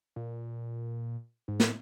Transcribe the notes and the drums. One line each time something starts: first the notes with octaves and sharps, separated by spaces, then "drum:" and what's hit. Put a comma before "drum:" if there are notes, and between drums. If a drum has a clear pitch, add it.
A#2
G#2
A2, drum: snare